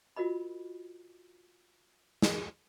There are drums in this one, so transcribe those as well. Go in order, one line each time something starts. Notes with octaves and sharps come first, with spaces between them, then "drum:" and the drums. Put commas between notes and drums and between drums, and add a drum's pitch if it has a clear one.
F4 F#4 A#4 D#5 B5
drum: snare